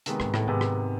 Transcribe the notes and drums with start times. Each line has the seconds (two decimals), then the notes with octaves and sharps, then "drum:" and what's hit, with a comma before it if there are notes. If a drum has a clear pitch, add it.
0.06 C3 D#3 G#3 B3, drum: hi-hat
0.20 G#2, drum: rim click
0.34 A2, drum: rim click
0.47 G#2 C3 D#3 G#3 B3
0.61 drum: rim click